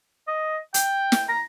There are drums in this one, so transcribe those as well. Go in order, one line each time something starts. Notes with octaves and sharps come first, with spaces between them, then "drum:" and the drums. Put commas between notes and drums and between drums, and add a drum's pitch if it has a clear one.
D#5
G5, drum: hi-hat
drum: snare
A#5